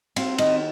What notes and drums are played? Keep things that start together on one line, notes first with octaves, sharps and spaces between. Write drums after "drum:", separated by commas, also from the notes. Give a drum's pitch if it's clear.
C4 F5, drum: cymbal
D#3 D#5, drum: cymbal